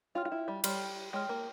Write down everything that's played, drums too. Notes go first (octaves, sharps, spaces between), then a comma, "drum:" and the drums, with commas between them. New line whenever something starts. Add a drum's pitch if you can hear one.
F4 C#5 G5 C6 F6
F4
E4
G3
G3 C#5 G5 C6 F6, drum: cymbal
G#3 C#5 G5 C6 F6
A#3